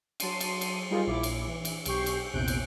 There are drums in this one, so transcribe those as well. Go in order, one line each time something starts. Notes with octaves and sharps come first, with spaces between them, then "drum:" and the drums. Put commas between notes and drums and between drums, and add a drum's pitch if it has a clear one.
F#3 A5 C6 C7 D#7, drum: cymbal
drum: cymbal
drum: cymbal
G3 D#4 F4 G#4 A#4
A#1 E4 D6
drum: cymbal
E3
drum: cymbal
B1 G4 C#6 G6 C7, drum: cymbal
drum: cymbal
A#1 E2 C3 F#6 G6 D7
drum: cymbal